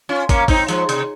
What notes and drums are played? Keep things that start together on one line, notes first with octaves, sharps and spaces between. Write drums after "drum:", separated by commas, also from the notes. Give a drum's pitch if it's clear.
C#4 F4
A#3 C#4, drum: kick, hi-hat
C4 D#4, drum: kick, open hi-hat
F3 G#3, drum: hi-hat
C3, drum: hi-hat